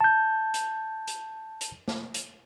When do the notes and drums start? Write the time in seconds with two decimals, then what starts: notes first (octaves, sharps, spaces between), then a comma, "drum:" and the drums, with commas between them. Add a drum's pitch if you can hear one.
0.01 A5 G6
0.54 drum: hi-hat
1.07 drum: hi-hat
1.61 drum: hi-hat
1.88 drum: snare
2.14 drum: hi-hat